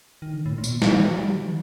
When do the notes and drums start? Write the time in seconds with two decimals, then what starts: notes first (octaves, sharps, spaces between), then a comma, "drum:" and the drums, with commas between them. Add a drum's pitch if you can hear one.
0.22 D#3
0.33 D3
0.46 A2
0.58 A#2
0.64 B2, drum: tambourine
0.69 A#2
0.82 E3, drum: snare
0.93 F3
1.05 F#3
1.17 G3
1.29 F#3
1.36 D#3
1.41 E3